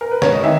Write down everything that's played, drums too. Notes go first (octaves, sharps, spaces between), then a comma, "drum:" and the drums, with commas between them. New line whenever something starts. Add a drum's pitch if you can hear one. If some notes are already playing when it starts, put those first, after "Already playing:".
A#4
B4
C#5, drum: snare
D#5
D#3 E5